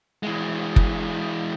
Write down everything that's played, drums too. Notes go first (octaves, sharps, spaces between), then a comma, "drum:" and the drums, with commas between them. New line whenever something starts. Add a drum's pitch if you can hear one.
E3 G#3
drum: kick